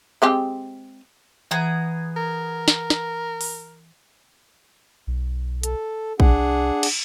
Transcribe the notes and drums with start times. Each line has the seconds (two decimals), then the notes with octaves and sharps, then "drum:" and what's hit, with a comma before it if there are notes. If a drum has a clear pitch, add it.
0.22 G#3 C4 G4
1.51 E3 B3 G#4 A#5
2.17 A#4
2.68 drum: snare
2.90 drum: snare
3.41 drum: open hi-hat
5.07 B1
5.63 A4, drum: hi-hat
6.20 C2 D4 G#4 F#5, drum: kick
6.83 drum: cymbal